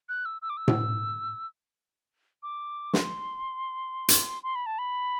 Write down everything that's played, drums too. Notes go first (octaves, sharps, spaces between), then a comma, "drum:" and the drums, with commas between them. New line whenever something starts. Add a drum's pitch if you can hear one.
F#6
E6
E6
D6
E6
drum: tom A2
D6
C6, drum: snare
drum: hi-hat
C6
B5
A5
B5